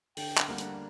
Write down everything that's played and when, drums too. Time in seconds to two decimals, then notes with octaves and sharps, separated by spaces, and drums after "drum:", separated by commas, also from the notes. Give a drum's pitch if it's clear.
0.17 D3 G5, drum: open hi-hat
0.38 drum: clap
0.48 G3 A#3 D4 F#5
0.58 drum: hi-hat